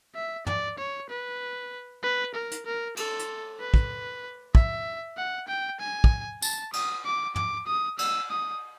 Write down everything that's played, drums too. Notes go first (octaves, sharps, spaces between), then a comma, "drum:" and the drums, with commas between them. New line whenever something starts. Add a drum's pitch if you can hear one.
E5
D5, drum: tom
C#5
B4
B4
A#4
drum: hi-hat
A#4
A4, drum: cymbal
drum: hi-hat
B4
drum: kick
E5, drum: kick
F#5
G5
G#5
drum: kick
A5, drum: tambourine
D#6, drum: cymbal
D6
D6, drum: tom
D#6
E6, drum: cymbal
D#6